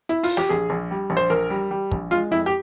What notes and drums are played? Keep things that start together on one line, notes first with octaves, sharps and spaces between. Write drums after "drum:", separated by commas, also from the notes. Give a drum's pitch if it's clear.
E4, drum: hi-hat
F4, drum: open hi-hat
G4, drum: snare
A#1 G#4
A#1
G3
A#1
C5
A#1 A#4
G3
G3
A#1, drum: kick
G#3 F4
F2 E4
G4